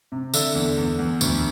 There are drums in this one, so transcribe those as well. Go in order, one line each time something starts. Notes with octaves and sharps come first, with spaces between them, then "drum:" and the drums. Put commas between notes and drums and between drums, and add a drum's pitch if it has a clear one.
C3
D3 E5 E6, drum: tambourine
E2
E2
E2
D2, drum: tambourine